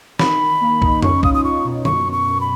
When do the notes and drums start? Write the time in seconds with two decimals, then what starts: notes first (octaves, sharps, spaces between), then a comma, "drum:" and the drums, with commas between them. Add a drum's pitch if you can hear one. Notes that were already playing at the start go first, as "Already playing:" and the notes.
0.19 D#3 B5, drum: snare
0.39 D#3
0.61 A#3
0.82 D#4, drum: kick
1.02 C#4 C#6, drum: tom F2
1.23 F4 D#6, drum: kick
1.34 D#6
1.43 F4 C#6
1.65 B2
1.85 F#2 C#6, drum: tom D3
2.07 F#2
2.12 C#6
2.27 F#2
2.41 B5